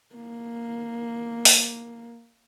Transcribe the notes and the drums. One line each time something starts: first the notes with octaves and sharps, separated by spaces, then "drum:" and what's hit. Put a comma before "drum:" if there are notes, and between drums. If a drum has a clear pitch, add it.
A#3
drum: open hi-hat